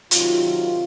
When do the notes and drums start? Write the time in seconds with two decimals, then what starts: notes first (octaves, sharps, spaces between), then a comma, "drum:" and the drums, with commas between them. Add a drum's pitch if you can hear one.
0.11 C3 D#3 F#3 F4, drum: hi-hat